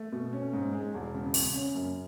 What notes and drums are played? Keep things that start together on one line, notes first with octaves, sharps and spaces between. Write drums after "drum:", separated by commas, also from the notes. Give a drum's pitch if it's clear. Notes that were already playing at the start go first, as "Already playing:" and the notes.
Already playing: A3
B2
C#4
G#2
G#3
E1
C#3
C#3, drum: open hi-hat
C#4
F#2